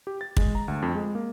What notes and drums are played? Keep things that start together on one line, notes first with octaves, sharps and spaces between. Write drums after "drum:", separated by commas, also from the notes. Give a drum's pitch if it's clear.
G4
A6
G#3, drum: kick
A#5
D2
F2
G#3
A#3